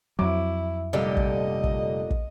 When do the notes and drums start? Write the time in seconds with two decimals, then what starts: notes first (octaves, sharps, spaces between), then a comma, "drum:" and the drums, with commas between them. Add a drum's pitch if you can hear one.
0.19 F2 F#3 E4 D6
0.93 F1 A#2 D3 G3 G4 D#5
1.17 drum: kick
1.64 drum: kick
2.10 drum: kick